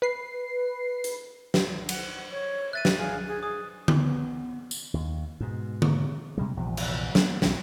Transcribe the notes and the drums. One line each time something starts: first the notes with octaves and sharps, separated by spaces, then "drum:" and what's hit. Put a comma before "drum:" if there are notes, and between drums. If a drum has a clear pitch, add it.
B4 C7
drum: hi-hat
drum: snare
F#5, drum: cymbal
C#5
E5 F#6 A6 D#7
drum: snare
G#4 F5 G#5
G#4
G#4 D#6
B3, drum: tom D3
drum: tambourine
D#2
G#2 B2
drum: tom D3
C3 G3 G#3
A#1 E2 C3 F3
drum: cymbal
F#3 G3 A#3 B3, drum: snare
B1 E2 G#2 C4, drum: snare